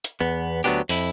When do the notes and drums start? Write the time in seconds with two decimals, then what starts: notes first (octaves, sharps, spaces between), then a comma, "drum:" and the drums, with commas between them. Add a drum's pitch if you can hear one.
0.04 drum: hi-hat
0.21 E2 B3
0.64 D2 F#3 G3 B3 D4 G4
0.89 F2 E4, drum: open hi-hat